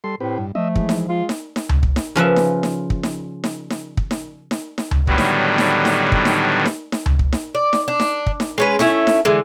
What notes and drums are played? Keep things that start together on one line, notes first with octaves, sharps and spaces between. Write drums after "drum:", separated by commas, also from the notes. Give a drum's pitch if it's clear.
G3 A4 C6
A2 C4 G4 B4
G2
F3 A3 D#5 E5
E3 G#3, drum: kick
drum: snare D#4
G#3 F4
drum: snare D#4
drum: snare D#4
drum: tom C#2
drum: kick
drum: snare D#4
C#3 F3 B4 E5
drum: snare D#4
drum: snare D#4
drum: kick
drum: snare D#4
drum: snare D#4
drum: snare D#4
drum: kick
drum: snare D#4
drum: snare D#4
drum: snare D#4
drum: tom C#2
A2 D3 D#3 F#3 G3 B3, drum: kick
drum: snare D#4
drum: snare D#4
drum: snare D#4
drum: kick
drum: snare D#4
drum: snare D#4
drum: snare D#4
drum: tom C#2
drum: kick
drum: snare D#4
D5
drum: snare D#4
D4
drum: snare D#4
drum: kick
drum: snare D#4
G#3 C#4 B4
A3 C#4 E4, drum: snare D#4
drum: snare D#4
D3 E3 G#3